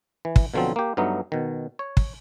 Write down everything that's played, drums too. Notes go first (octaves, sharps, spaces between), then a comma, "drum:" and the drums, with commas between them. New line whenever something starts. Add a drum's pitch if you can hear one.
E3
drum: kick
B2 D3 F3 F#3 C4
A#3 G4
G2 F#3 A3 B3 D#4
B2 D#3
C#5
drum: kick